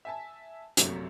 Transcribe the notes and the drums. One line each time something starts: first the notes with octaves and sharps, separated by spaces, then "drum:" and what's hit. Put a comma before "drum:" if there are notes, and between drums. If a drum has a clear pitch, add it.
E5 G#5 A5
A#1 F#2 C3 F#3 A3 E5, drum: hi-hat